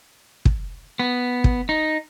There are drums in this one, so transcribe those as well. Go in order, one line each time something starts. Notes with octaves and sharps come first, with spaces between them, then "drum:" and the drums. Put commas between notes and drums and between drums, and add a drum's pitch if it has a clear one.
drum: kick
B3
drum: kick
D#4